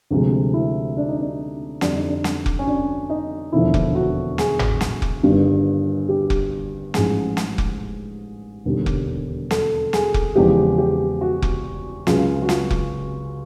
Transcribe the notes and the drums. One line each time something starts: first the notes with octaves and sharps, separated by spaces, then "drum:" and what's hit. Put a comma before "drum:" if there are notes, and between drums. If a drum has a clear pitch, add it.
D2 C3 F3 G#3
E4
D4
D#4
D4
F2 D3 G3 D4, drum: snare
D#4
D4
D4, drum: snare
drum: kick F1
C#4
D4
D#4
E1 D#2 D3 F3 E4
drum: kick F1
F#4
G#4, drum: snare
drum: tom G1
drum: snare
drum: kick F1
G1 G2 D#3 G3
G4
drum: kick F1
A1 G#2 F3 G#4, drum: snare
drum: snare
drum: kick F1
E1 D#2 D3 G3
drum: kick F1
A4, drum: snare
G#4, drum: snare
drum: kick F1
E2 C#3 F3 G#3 G4
G4
F#4
drum: kick F1
C#2 C#3 F#3 F4, drum: snare
F#4
F4, drum: snare
drum: kick F1